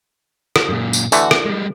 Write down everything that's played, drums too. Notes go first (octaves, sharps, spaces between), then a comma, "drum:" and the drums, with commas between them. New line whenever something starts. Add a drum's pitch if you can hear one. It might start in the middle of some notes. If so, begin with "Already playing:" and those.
drum: rim click
F#2 A#2
drum: tambourine
D3 E3 A3 F#4, drum: tambourine
drum: rim click
G3 G#3